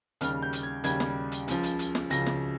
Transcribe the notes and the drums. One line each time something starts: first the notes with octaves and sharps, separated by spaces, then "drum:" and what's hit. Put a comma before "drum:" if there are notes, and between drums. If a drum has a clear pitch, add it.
D#2 C#3 G3 F6, drum: hi-hat
G6
drum: hi-hat
G#6
D#2 C#3 G3 G#6, drum: hi-hat
drum: snare
drum: hi-hat
C#2 C#3 F3, drum: hi-hat
drum: hi-hat
drum: hi-hat
drum: snare
C#2 C#3 F3 A#6, drum: hi-hat
drum: snare